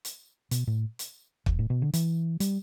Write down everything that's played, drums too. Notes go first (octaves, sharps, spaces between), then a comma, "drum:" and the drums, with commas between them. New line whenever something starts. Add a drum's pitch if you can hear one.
drum: hi-hat
B2, drum: hi-hat
A2
drum: hi-hat
E2, drum: kick
A2
B2
D3
E3, drum: hi-hat
G3, drum: hi-hat